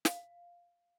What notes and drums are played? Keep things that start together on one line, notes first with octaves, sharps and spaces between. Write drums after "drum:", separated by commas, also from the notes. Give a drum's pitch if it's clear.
F5, drum: snare